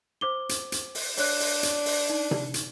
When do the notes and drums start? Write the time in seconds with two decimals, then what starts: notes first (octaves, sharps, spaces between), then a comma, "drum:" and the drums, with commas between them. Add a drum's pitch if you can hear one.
0.21 C5 D6 G7
0.49 drum: hi-hat
0.72 drum: hi-hat
0.95 drum: open hi-hat
1.17 D4 C#5 F#6, drum: open hi-hat
1.40 drum: open hi-hat
1.63 drum: hi-hat
1.86 drum: open hi-hat
2.10 D#4
2.31 drum: tom C3
2.54 drum: hi-hat